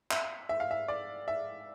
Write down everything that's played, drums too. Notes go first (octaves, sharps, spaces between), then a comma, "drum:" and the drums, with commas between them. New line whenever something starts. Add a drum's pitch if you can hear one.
E5, drum: clap
E5
F5
E5
D5
E5